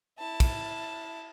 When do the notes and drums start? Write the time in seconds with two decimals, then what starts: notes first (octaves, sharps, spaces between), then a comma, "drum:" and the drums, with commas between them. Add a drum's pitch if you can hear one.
0.19 E4 A5
0.40 drum: kick, cymbal